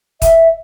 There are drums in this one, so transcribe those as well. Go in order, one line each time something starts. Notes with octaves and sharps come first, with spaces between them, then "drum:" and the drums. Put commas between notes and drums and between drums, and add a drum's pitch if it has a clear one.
E5, drum: kick, hi-hat